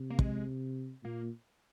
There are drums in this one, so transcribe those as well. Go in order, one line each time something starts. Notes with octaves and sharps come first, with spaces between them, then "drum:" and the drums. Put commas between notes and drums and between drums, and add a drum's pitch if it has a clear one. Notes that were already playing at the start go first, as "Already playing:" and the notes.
Already playing: C3
A#3
G#3, drum: kick
A#2 A#3